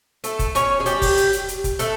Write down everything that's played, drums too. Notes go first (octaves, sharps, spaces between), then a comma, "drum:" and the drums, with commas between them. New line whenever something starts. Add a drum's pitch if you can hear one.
A3 A4, drum: hi-hat
drum: kick F1, hi-hat
C#4 C#5, drum: hi-hat
G#4
G3 G4, drum: hi-hat
drum: kick F1, open hi-hat
drum: hi-hat
drum: hi-hat
drum: hi-hat
drum: kick F1, hi-hat
A3 A4, drum: hi-hat